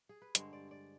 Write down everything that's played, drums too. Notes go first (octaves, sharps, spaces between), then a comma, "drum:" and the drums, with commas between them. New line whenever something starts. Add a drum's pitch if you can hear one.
G#4
B4
G2 D3 G#3 C5, drum: hi-hat
D5
D5